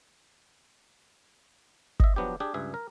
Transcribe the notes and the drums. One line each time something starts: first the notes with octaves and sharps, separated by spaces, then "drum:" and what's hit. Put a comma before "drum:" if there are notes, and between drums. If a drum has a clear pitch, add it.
D#5 E5, drum: kick
F3 F#3 B3 D4 G4
D4 G4 G#4
C#2 G2 G#4 E5
A#4